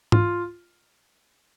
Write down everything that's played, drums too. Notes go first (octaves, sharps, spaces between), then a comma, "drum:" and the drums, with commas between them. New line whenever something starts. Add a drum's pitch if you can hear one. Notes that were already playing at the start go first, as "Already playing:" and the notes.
F4, drum: tom G#2